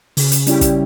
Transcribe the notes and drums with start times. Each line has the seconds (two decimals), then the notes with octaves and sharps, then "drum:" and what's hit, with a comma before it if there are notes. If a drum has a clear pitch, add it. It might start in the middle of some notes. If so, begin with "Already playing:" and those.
0.17 C#3, drum: open hi-hat
0.32 drum: hi-hat
0.47 G3 C#4 E4 G4, drum: hi-hat
0.61 drum: kick, hi-hat